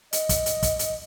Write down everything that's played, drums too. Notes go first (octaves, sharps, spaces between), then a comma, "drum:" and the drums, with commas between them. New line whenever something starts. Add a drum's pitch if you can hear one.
D#5, drum: hi-hat
drum: kick, hi-hat
drum: hi-hat
drum: kick, hi-hat
drum: hi-hat